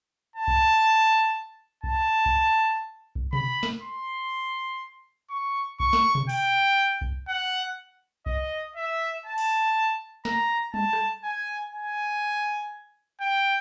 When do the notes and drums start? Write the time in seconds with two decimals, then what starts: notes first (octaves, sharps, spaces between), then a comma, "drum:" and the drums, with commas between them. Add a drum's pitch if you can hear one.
0.36 A5
0.48 drum: kick C2
1.84 A5, drum: kick C2
2.26 drum: kick C2
3.15 drum: kick C2
3.33 B5, drum: tom B2
3.63 drum: snare
3.82 C6
5.30 C#6
5.80 C#6, drum: kick C2
5.93 drum: snare
6.15 drum: tom B2
6.29 G5, drum: open hi-hat
7.01 drum: kick C2
7.28 F#5
8.26 D#5, drum: kick C2
8.76 E5
9.26 A5
9.38 drum: open hi-hat
10.25 A#5, drum: snare
10.74 A5, drum: tom G3
10.93 drum: rim click
11.24 G#5
11.73 G#5
13.20 G5